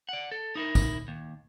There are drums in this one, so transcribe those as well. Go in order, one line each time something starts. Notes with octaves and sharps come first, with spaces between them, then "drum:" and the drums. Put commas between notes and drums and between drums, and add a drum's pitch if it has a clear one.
D5 F#5
A4
D#4 E4 A#4
drum: kick, tambourine
D#2